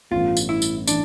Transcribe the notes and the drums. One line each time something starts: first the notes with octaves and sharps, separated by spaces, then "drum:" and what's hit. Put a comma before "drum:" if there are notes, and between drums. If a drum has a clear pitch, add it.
A1 G2 E3 B3 F4
drum: tambourine
E4
drum: tambourine
E3 D4, drum: tambourine